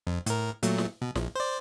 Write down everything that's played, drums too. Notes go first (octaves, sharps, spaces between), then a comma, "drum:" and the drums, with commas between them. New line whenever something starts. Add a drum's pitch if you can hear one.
F2
A2 A#4, drum: hi-hat
A#2 F#3 A3, drum: hi-hat
drum: snare
B2
A#1, drum: snare
C5 D5